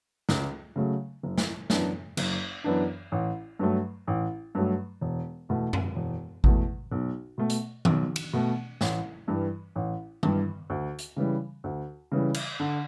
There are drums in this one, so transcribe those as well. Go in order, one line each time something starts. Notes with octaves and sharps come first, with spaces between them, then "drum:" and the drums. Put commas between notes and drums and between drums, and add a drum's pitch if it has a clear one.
C#2, drum: snare
C#3 F#3 A3
F#1
drum: snare
F#2 E3 B3 D4, drum: snare
F#1, drum: cymbal
F#2 E3 B3 D4
A1
G2 F#3 A3
A1
G2 F#3 A3
E1
E2 B2 A3
drum: tom F#2
E1
E2 B2 A3, drum: kick G#1
B1
B2 A3
drum: hi-hat
B1, drum: tom D#3
drum: cymbal
B2 A3
A1, drum: snare
G2 E3 G3
A1
G2 E3 G3, drum: tom D#3
D2
drum: hi-hat
C#3 E3 G3
D2
C#3 E3 G3
drum: cymbal
D3